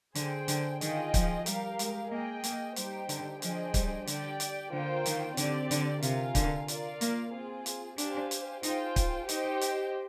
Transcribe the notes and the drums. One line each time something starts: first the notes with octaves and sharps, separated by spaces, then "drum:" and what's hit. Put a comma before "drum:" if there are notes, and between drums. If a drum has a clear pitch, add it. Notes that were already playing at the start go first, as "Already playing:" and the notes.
D3 G#4 C5 G5, drum: hi-hat
D3, drum: hi-hat
D#3 F4 G#4 D#5 G5, drum: hi-hat
F3, drum: kick, hi-hat
G3 G4 A#4 F5, drum: hi-hat
G#3, drum: hi-hat
A#3 G#4 D#5 G5
A#3, drum: hi-hat
G3 D#4 G4 C5 G5, drum: hi-hat
D3, drum: hi-hat
F3 D4 G#4 C5 D#5 G5, drum: hi-hat
G3, drum: kick, hi-hat
D3 G4 D5 G5, drum: hi-hat
drum: hi-hat
D3 A#3 F4 C5 G5
D#3, drum: hi-hat
D3 C4 G4 D5, drum: hi-hat
D3, drum: hi-hat
C3 F4 A#4 F5 G#5, drum: hi-hat
D3, drum: kick, hi-hat
F4 A#4 D5 F5, drum: hi-hat
A#3, drum: hi-hat
C4 F4 G#4
drum: hi-hat
D4 G4 C5 F5 G#5, drum: hi-hat
drum: hi-hat
D#4 F4 G#4 C5 G5, drum: hi-hat
drum: kick, hi-hat
D#4 G4 C5 D#5 G5, drum: hi-hat
drum: hi-hat